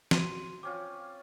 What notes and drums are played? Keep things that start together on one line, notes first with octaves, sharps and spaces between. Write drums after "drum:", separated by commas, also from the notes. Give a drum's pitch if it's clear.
F#4 C6 D#7, drum: snare
C4 C#4 F4 D6